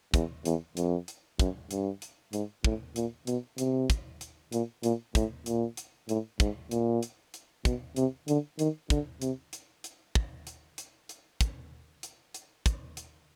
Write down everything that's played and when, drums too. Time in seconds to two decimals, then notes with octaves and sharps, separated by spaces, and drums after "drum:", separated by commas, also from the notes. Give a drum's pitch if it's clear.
0.14 E2, drum: kick, hi-hat
0.45 E2, drum: hi-hat
0.77 F2, drum: hi-hat
1.08 drum: hi-hat
1.39 F#2, drum: kick, hi-hat
1.71 G2, drum: hi-hat
2.02 drum: hi-hat
2.33 G#2, drum: hi-hat
2.64 A2, drum: kick
2.96 A#2, drum: hi-hat
3.27 B2, drum: hi-hat
3.58 C3, drum: hi-hat
3.90 drum: kick, hi-hat
4.21 drum: hi-hat
4.52 A#2, drum: hi-hat
4.83 A#2, drum: hi-hat
5.15 A2, drum: kick, hi-hat
5.46 A#2, drum: hi-hat
5.77 drum: hi-hat
6.09 A2, drum: hi-hat
6.40 G#2, drum: kick, hi-hat
6.71 A#2, drum: hi-hat
7.03 drum: hi-hat
7.34 drum: hi-hat
7.65 B2, drum: kick, hi-hat
7.96 C3, drum: hi-hat
8.28 D3, drum: hi-hat
8.59 D#3, drum: hi-hat
8.90 D3, drum: kick, hi-hat
9.22 C3, drum: hi-hat
9.53 drum: hi-hat
9.84 drum: hi-hat
10.15 drum: kick
10.47 drum: hi-hat
10.78 drum: hi-hat
11.09 drum: hi-hat
11.41 drum: kick, hi-hat
12.03 drum: hi-hat
12.34 drum: hi-hat
12.66 drum: kick, hi-hat
12.97 drum: hi-hat